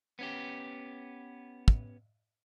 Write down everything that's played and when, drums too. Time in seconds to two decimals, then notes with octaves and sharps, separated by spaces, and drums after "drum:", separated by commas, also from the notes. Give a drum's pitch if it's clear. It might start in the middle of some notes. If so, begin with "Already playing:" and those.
0.19 B3 C#4 G4
1.68 drum: kick